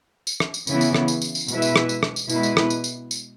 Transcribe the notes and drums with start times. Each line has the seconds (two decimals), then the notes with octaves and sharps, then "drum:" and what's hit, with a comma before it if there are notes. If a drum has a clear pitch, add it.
0.27 drum: tambourine
0.40 drum: rim click
0.54 drum: tambourine
0.67 C#3 E3 B3 E4, drum: tambourine
0.81 drum: tambourine
0.94 drum: rim click
1.08 drum: tambourine
1.22 drum: tambourine
1.35 drum: tambourine
1.48 B2 G#3 E4 B4 E5, drum: tambourine
1.62 drum: tambourine
1.76 drum: rim click
1.89 drum: tambourine
2.03 drum: rim click
2.16 drum: tambourine
2.30 B2 G#3 E4 B4, drum: tambourine
2.43 drum: tambourine
2.57 drum: rim click
2.70 drum: tambourine
2.84 drum: tambourine
3.11 drum: tambourine